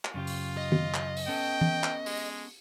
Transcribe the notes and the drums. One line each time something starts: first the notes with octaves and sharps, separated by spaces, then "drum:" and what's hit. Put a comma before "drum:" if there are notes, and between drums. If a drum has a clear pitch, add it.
drum: clap
F#2 C#3 F4 G4
drum: open hi-hat
D#5
drum: tom
drum: clap
drum: open hi-hat
B3 C#4 A4 G5
drum: tom E3
drum: clap
G#3, drum: open hi-hat